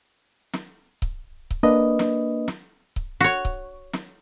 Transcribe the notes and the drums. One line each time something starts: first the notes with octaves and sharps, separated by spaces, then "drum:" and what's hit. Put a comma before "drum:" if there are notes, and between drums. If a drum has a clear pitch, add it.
drum: snare
drum: kick C#1
drum: kick C#1
A#3 D4 B4 D#5
drum: snare
drum: snare
drum: kick C#1
F#4 C#5
drum: kick C#1
drum: snare